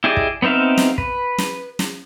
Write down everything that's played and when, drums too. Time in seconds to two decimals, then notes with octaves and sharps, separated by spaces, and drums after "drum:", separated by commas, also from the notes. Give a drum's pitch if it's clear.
0.04 E4 G4 G#4 D5 D#5
0.17 drum: kick
0.42 B3 C4 D#4 E5 F5
0.78 drum: snare
0.98 B4, drum: kick
1.38 drum: snare
1.79 drum: snare